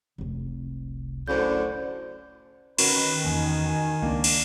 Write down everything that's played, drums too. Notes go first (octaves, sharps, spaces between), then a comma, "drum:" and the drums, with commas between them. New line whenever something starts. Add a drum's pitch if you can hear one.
F1 C2
F#2 A2 D3 C5 G6
D#3 C#4 F#4 A#4 B4, drum: cymbal
E2 E3 A#3 G#5
C#2 A#3 D4
drum: cymbal